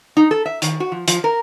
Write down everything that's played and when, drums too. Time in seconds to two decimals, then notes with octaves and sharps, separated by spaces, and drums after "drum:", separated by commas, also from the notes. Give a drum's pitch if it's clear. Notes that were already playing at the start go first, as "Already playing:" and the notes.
0.17 D#4
0.31 A4
0.46 E5
0.62 D#3, drum: hi-hat
0.80 F#4
0.92 F3
1.08 F3, drum: hi-hat
1.24 A#4